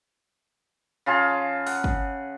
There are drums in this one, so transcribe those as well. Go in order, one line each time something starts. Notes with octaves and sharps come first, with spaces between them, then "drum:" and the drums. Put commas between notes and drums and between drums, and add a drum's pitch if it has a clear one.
C#3 F4 G#4 A5
F#5, drum: open hi-hat
drum: kick